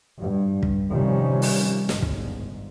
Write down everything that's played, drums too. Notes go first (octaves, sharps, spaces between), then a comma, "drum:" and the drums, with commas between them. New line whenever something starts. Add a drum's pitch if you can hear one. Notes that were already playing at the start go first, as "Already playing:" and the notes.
G2
drum: kick
C3 D#3 F3 G3 C#4
drum: open hi-hat
G1 G#2, drum: snare
drum: kick